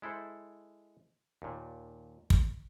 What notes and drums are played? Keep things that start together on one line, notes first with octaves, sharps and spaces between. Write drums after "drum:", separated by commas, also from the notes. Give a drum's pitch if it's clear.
G#3 E4 A4 C5
D#2 A#2
drum: kick